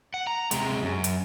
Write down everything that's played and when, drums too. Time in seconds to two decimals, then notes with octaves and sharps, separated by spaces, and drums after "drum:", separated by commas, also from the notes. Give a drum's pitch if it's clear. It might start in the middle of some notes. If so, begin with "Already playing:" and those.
0.14 F#5
0.27 A#5
0.51 C3 G#3, drum: hi-hat
0.82 F#2
1.04 drum: hi-hat